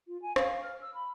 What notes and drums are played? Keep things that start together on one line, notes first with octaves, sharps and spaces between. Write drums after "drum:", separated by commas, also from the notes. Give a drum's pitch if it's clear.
F4
G#5
F5, drum: rim click
F6
E6
B5